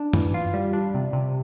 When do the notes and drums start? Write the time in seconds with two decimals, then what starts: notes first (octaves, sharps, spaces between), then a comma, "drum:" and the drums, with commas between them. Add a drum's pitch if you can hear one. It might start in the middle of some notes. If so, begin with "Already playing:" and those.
Already playing: D4
0.13 E3, drum: tom F#2
0.34 F4
0.54 G3
0.73 D4
0.94 C3
1.13 C3